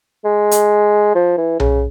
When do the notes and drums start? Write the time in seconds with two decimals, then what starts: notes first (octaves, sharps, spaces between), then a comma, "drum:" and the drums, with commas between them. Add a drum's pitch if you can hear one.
0.25 G#3
0.51 drum: hi-hat
1.15 F3
1.37 E3
1.60 C#3, drum: tom B1